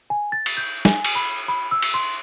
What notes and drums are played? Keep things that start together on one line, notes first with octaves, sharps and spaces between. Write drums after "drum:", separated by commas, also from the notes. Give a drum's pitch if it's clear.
G#5
A6
drum: cymbal
G6
G#5, drum: snare
drum: cymbal
B5
B5
E6
drum: cymbal
C6